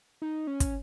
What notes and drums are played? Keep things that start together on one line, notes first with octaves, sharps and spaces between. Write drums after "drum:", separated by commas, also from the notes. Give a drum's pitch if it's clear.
D#4
C#4
drum: kick, hi-hat